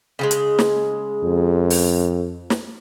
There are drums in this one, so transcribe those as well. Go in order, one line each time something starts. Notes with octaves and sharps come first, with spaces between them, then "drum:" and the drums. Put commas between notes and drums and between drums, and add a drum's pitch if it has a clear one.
C#3 E3 G#3
drum: hi-hat
drum: snare
F2
drum: open hi-hat
drum: snare